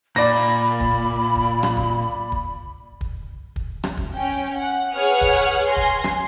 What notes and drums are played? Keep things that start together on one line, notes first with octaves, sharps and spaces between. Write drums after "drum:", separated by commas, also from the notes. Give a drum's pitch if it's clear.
A#2 D5 B5 A#6
drum: kick
drum: kick
drum: rim click
drum: kick
drum: kick
drum: kick
drum: kick
drum: rim click
drum: kick
C#4 G5
F#5
G#4 B4 C#5 F#5 D#6 F6
drum: kick
G#5 C6 A#6
drum: kick
drum: rim click